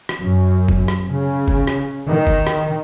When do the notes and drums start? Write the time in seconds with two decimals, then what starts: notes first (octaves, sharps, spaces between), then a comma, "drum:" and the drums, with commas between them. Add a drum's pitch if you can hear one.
0.09 drum: rim click
0.21 F#2
0.69 drum: kick
0.88 drum: rim click
1.07 C#3
1.48 drum: kick
1.67 drum: rim click
2.07 D#3
2.27 drum: kick
2.47 drum: rim click